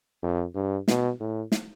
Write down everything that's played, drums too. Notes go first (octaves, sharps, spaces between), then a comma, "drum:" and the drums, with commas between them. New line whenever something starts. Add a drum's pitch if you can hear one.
F2
G2
B2, drum: snare
A2
drum: snare